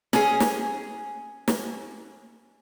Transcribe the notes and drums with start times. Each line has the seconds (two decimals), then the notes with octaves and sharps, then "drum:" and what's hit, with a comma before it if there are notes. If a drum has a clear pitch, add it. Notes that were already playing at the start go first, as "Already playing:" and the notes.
0.13 C#4 G#4, drum: snare
0.40 drum: snare
1.48 drum: snare